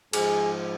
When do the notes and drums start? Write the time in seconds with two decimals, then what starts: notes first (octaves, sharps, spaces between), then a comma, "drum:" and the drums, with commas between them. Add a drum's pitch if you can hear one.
0.13 G#2 F3 G#4, drum: cymbal